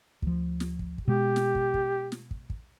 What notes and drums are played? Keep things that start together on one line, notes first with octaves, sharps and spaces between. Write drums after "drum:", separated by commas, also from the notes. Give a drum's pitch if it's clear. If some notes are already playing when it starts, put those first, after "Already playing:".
D2 F3, drum: kick
drum: snare
drum: kick
drum: kick
B2 G#3 G4
drum: snare
drum: kick
drum: kick
drum: snare
drum: kick
drum: kick